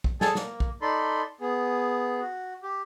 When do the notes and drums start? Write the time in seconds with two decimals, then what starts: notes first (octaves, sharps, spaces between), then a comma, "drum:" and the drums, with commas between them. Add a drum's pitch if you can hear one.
0.04 drum: kick
0.21 G#4 A4 G#5 A5, drum: snare
0.35 A#3, drum: snare
0.60 drum: kick
0.82 D#4 A4 D5 B5 C6
1.41 B3 G#4
2.21 F#4
2.63 G4